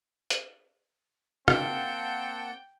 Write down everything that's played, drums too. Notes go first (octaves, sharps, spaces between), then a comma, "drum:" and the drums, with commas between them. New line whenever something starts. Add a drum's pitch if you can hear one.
drum: hi-hat
A#3 C4 F#5 G5 A5, drum: rim click